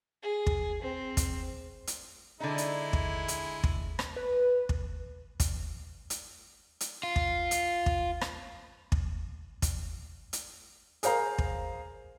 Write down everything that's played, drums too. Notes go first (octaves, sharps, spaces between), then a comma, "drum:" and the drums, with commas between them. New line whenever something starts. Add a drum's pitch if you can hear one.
G#4
drum: kick
C4
drum: kick, hi-hat
drum: hi-hat
D3 G#3 D#4 E4
drum: hi-hat
drum: kick
drum: hi-hat
drum: kick
drum: rim click
B4
drum: kick
drum: kick, hi-hat
drum: hi-hat
drum: hi-hat
F4
drum: kick
drum: hi-hat
drum: kick
drum: rim click
drum: kick
drum: kick, hi-hat
drum: hi-hat
G#4 A#4 C5 F5 A#5, drum: hi-hat
drum: kick